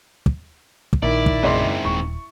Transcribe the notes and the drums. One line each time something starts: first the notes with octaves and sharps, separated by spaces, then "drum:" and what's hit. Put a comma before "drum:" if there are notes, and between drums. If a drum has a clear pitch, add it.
drum: kick
drum: kick
A#1 D#3 E4 D5
drum: kick
F#1 G#2 C4 D5 C6
D#1 C#6